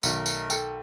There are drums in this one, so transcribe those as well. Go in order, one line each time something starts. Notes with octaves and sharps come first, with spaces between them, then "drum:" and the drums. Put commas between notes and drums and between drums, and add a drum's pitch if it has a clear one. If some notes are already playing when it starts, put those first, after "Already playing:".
B1 D#3 A3 A#4, drum: tambourine
drum: tambourine
A4 G5, drum: tambourine